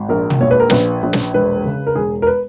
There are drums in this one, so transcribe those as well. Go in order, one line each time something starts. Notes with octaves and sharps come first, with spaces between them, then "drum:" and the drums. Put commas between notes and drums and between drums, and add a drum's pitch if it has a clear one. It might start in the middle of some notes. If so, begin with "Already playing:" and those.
Already playing: G#1
A#1 A#4
drum: tom
A#2 C#5
B4
A#4
A#1 B4, drum: snare
A#1
drum: snare
E1 B4
C#3
A#4
E1 G#4
A#4
B4